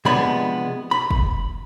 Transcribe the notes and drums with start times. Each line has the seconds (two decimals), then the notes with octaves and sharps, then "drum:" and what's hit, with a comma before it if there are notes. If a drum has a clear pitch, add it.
0.05 C3 F3 G#3 B3 D4 B5
0.91 B5
1.10 drum: kick